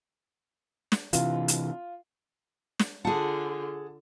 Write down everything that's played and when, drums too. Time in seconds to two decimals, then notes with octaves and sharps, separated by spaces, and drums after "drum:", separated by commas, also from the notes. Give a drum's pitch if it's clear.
0.92 drum: snare
1.13 C3 E3 F4, drum: hi-hat
1.48 drum: hi-hat
2.80 drum: snare
3.05 D3 F4 G#4 F#5 A5